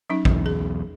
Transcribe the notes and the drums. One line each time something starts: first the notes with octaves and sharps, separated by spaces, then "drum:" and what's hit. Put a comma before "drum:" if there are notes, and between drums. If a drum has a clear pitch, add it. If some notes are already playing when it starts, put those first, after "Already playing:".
F#3 C#4 D#4
B1 E2, drum: kick
G#4